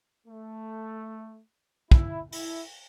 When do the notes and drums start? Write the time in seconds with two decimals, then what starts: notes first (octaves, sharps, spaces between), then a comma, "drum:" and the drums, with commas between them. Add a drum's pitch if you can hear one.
0.27 A3
1.91 E4, drum: kick
2.32 E4, drum: open hi-hat